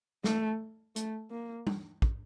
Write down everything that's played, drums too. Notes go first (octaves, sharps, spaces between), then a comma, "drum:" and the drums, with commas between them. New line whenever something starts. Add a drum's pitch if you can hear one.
A3, drum: snare
A3, drum: hi-hat
A#3
drum: tom G3
drum: kick